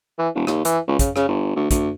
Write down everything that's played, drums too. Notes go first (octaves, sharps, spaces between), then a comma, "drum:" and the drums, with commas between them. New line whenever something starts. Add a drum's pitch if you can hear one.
E3
E1
D#2, drum: rim click
E3, drum: hi-hat
C#2
C#3, drum: kick, hi-hat
C#3, drum: rim click
G1
D2
D2, drum: kick, hi-hat